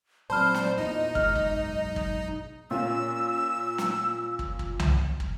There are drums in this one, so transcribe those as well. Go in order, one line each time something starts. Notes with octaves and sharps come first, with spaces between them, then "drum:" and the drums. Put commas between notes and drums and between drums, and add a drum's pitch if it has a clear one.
A#2 F#3 C4 C5 D5 A5 B5 F6
drum: snare
E2 A#2 D#4 D#5
F#1 B1 G#2 F6, drum: kick
drum: kick
drum: kick
A#2 C#4 F4 E6
drum: snare
drum: kick
drum: kick
drum: tom C2
drum: kick